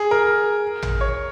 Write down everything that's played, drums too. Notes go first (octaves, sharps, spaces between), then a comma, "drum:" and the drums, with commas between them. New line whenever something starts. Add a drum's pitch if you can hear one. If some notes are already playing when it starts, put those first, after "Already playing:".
Already playing: G#4
A#4
drum: tom
C#5